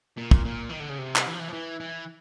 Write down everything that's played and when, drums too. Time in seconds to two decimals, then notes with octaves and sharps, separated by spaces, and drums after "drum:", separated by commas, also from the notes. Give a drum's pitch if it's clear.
0.17 A#2
0.31 drum: kick
0.45 A#2
0.69 D#3
0.80 D3
0.89 C#3
0.99 C3
1.16 drum: clap
1.27 E3
1.34 F3
1.40 E3
1.48 F3
1.53 E3
1.80 E3